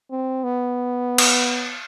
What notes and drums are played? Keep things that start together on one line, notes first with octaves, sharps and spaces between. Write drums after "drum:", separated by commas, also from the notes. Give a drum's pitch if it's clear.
C4
B3
drum: cymbal